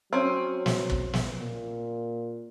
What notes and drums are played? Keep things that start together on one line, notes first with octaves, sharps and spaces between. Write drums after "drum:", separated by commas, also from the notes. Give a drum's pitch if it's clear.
F#3 C4 C#4
drum: snare
drum: kick
drum: snare
A#2